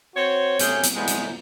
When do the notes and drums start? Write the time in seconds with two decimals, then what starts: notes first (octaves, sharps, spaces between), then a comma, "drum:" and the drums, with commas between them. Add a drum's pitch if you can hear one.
0.15 C4 F#4 C5 C#5
0.59 C3 A3 C#4 G4 G#4, drum: hi-hat
0.83 drum: hi-hat
0.95 C3 E3 G3 G#3 B3
1.07 drum: hi-hat